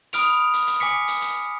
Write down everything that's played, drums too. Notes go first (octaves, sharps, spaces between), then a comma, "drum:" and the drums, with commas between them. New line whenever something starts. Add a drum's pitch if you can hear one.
B5 D#6 F6 D7 F7, drum: hi-hat
drum: hi-hat
drum: hi-hat
G#5 D6 B6 C#7
drum: hi-hat
drum: hi-hat